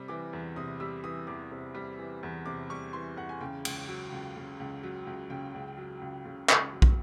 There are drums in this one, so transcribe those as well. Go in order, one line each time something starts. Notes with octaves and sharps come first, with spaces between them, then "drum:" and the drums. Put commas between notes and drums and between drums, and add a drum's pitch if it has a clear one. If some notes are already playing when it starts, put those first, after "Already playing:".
Already playing: C3 G3
E3 D6
E2
C3 D#6
G3 E6
E3 D#6
E2 D6
C3
G3
E3
E2
C3 D6
G3 C#6
E3 C6
E2 F#5
G#5
C#3 G5
C#2, drum: cymbal
F#3
C#2
C#3
C#2
F#3
C#2
C#3 G5
C#2
F#3
C#2
C#3
C#2, drum: clap
F#3
drum: kick